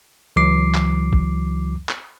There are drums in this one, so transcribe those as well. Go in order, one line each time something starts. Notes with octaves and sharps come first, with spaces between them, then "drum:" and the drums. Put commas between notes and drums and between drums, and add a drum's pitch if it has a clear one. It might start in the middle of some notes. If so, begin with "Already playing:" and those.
C#2 E3 F#3 D6 C7
drum: clap
drum: kick
drum: clap